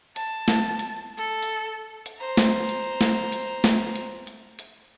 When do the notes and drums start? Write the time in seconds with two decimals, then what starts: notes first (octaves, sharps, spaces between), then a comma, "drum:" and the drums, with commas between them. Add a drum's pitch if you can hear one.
0.16 A5, drum: hi-hat
0.48 drum: snare
0.79 drum: hi-hat
1.17 A4
1.43 drum: hi-hat
2.06 drum: hi-hat
2.18 C5 A#5
2.37 drum: snare
2.69 drum: hi-hat
3.01 drum: snare
3.32 drum: hi-hat
3.64 drum: snare
3.96 drum: hi-hat
4.27 drum: hi-hat
4.59 drum: hi-hat